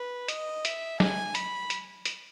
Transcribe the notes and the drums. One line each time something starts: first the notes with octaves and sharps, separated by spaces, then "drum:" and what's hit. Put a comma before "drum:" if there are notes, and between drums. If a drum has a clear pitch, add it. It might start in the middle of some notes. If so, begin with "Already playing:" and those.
Already playing: B4
D#5, drum: hi-hat
E5, drum: hi-hat
G#5, drum: snare
B5, drum: hi-hat
drum: hi-hat
drum: hi-hat